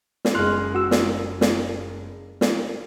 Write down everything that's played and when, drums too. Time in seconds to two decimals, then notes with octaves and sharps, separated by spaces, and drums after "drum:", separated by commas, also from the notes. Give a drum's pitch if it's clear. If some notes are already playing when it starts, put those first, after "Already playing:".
0.25 drum: snare
0.35 F#1 G#3 C6 F6 F#6
0.75 F#4 E6
0.91 drum: snare
1.41 drum: snare
2.41 drum: snare